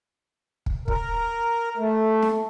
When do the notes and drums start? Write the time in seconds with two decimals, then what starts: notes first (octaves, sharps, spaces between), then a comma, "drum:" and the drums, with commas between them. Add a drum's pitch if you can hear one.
0.66 drum: kick
0.88 A#4, drum: kick
1.77 A3
2.22 drum: snare